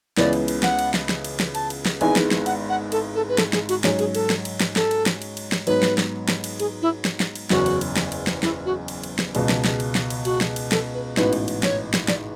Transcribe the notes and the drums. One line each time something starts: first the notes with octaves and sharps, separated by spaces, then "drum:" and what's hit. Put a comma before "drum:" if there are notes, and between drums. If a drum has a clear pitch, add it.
C#2 C#3 E3 B3 E4 D5, drum: snare
drum: cymbal
drum: cymbal
F#5, drum: snare
drum: cymbal
drum: snare
drum: snare
drum: cymbal
drum: snare
A5, drum: cymbal
drum: cymbal
drum: snare
G#1 G#2 G#3 B3 E4 G#5, drum: cymbal
drum: snare
drum: snare
F#5, drum: cymbal
F#5
A4, drum: cymbal
A4
B4
A4, drum: snare
G#4, drum: snare
F#4, drum: cymbal
G#2 F#3 C#4 G#4, drum: snare
G#4, drum: cymbal
A4, drum: cymbal
drum: snare
drum: cymbal
drum: snare
A4, drum: snare
drum: cymbal
drum: snare
drum: cymbal
drum: cymbal
drum: snare
G#2 F#3 B3 B4, drum: cymbal
drum: snare
drum: snare
drum: snare
drum: cymbal
G#4, drum: cymbal
E4
drum: snare
drum: snare
drum: cymbal
F#1 E2 C#3 F#4, drum: snare
drum: cymbal
drum: cymbal
drum: snare
drum: cymbal
drum: snare
E4, drum: snare
F#4
drum: cymbal
drum: cymbal
drum: snare
C#2 B2 G#3, drum: cymbal
drum: snare
drum: snare
drum: cymbal
drum: snare
drum: cymbal
F#4, drum: cymbal
drum: snare
drum: cymbal
A4, drum: snare
B4
A1 G#2 E3 B3 F#4 B4, drum: snare
drum: cymbal
drum: cymbal
C#5, drum: snare
drum: snare
D5, drum: snare